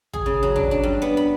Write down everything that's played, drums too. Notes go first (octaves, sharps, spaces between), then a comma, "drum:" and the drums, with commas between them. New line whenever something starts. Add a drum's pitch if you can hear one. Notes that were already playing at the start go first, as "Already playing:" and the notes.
G#4, drum: kick
C#3
F#3
D4, drum: kick
D4
G2
B3
B5